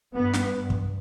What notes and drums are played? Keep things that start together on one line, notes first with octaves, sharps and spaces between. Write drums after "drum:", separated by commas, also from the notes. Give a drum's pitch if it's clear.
G2 B3
drum: snare
drum: kick